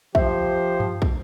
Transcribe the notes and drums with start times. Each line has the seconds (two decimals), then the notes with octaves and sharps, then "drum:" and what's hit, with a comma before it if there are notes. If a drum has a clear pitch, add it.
0.15 F3 G4 C5 E5, drum: kick
0.80 drum: tom G2
1.02 drum: kick